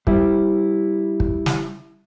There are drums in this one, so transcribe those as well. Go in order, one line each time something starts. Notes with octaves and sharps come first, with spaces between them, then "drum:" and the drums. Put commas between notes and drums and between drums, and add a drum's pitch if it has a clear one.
G3 E4, drum: kick
drum: kick
drum: snare